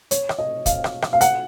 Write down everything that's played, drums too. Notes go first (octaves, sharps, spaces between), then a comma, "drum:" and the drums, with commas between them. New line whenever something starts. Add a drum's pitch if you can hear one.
C#5, drum: hi-hat
drum: rim click
D#5
F5, drum: kick, hi-hat
drum: rim click
drum: rim click
F5
F#5, drum: hi-hat